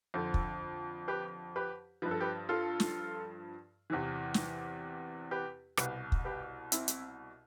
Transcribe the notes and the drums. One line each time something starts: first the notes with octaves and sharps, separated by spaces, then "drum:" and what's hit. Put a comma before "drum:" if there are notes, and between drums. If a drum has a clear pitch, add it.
F2 D3 F3 A4 C5
drum: kick
G4 B4
G4 B4
G2 F3 B4
A4
G4 B4
F4 A4
drum: snare
E2 C3 E3
drum: snare
G4 B4
C2 B2 G4 B4, drum: rim click
drum: kick
G4 B4
C4 E4, drum: hi-hat
drum: hi-hat